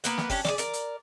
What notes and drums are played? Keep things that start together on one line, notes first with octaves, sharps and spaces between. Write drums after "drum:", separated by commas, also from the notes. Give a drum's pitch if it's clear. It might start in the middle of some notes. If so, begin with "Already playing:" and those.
A#3 B3 F#5, drum: hi-hat
drum: snare
C#4 D4 G4, drum: kick, open hi-hat
G#4 C#5 D5, drum: snare
A#4 D5, drum: hi-hat
drum: hi-hat